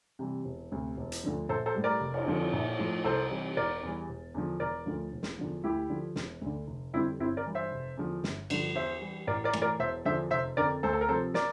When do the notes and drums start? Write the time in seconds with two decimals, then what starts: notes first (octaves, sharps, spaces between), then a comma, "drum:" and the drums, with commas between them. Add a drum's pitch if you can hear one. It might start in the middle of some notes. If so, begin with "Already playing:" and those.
0.19 C3 E3 G3
0.45 E1
0.72 D2 C3
0.97 E1
1.12 drum: hi-hat
1.23 D2 D3 F3
1.49 A#1 A4 C5
1.66 A4 C5
1.75 A2 G3
1.84 A#4 D5
2.01 F1
2.14 drum: cymbal
2.28 F2 D3 F3
2.53 A#1
2.79 A2 F3
3.04 C2 A4 C5
3.30 C3 E3 G3
3.57 E1 A#4 D5
3.83 E2 E3 G3
4.09 E1
4.34 E2 D3 F3
4.60 E1 A#4 D5
4.86 D2 D3 F3
5.12 E1
5.23 drum: snare
5.39 E2 D3 F3
5.64 D2 E4 G4
5.90 D3 F3
6.16 E1, drum: snare
6.42 D2 D3
6.67 F1
6.93 F2 D3 G3 C4 E4
7.20 G1 C4 E4
7.37 A#4 D5
7.46 G2 E3
7.55 C5 E5
7.72 F1
7.97 E2 D3 F3
8.24 G1, drum: snare
8.50 G2 D3 F3, drum: cymbal
8.75 E2 C5 E5
9.01 E3 G3
9.27 A1 A#4 D5
9.44 A#4 D5
9.53 A2 E3, drum: rim click
9.62 A#4 D5
9.79 E1 C5 E5
10.05 E2 D3 F3 C5 E5
10.31 F1 C5 E5
10.57 F2 D3 A#4 D5
10.83 D2 A4 C5
10.93 A4
11.01 A#4
11.08 C3 F3 A4 C5
11.34 A#4 D5, drum: snare